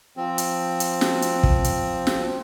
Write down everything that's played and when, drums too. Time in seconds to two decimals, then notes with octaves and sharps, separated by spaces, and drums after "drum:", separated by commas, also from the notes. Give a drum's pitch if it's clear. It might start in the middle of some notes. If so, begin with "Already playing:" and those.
0.17 F3 C4
0.38 drum: hi-hat
0.80 drum: hi-hat
1.01 drum: snare
1.22 drum: hi-hat
1.43 drum: kick
1.64 drum: hi-hat
2.07 drum: snare